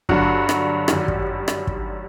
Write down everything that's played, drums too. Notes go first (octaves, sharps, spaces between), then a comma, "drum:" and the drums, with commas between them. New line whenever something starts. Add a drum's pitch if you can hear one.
G2 D3 F#3 F#4, drum: kick
drum: rim click
F#2 D#3 G3, drum: rim click
drum: kick
drum: rim click
drum: kick